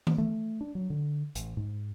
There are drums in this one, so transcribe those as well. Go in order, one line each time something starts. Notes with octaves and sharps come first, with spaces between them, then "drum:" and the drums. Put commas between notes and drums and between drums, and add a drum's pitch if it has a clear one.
drum: tom D#3
A3
D4
F#3
D3
A1, drum: hi-hat
G#2